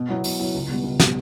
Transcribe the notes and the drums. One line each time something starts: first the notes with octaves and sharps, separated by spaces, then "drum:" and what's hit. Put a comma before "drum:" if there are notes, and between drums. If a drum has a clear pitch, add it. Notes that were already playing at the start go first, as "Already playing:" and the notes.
Already playing: B2
F#3 B3 E4
B2, drum: open hi-hat
F#3 B3 E4
C#2
B2 G3 B3
C#2
B2 G3 B3, drum: snare